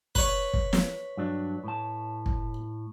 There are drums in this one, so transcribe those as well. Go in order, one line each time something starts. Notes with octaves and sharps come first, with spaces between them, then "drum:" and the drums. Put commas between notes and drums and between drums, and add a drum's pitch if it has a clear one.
B4 C#5, drum: kick
drum: kick
drum: snare
G2 F#3 D4
A2 A5
drum: kick